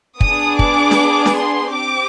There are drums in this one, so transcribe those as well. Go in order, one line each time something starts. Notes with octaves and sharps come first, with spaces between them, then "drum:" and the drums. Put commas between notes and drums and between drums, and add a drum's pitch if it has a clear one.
B3 D4 G#4 D#6, drum: kick
D6, drum: kick
drum: snare
drum: snare
C6
C4 G4 D6